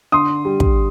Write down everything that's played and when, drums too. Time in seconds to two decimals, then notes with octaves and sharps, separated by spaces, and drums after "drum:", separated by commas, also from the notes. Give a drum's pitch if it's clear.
0.12 D3 C6 D#6
0.45 G3
0.60 drum: kick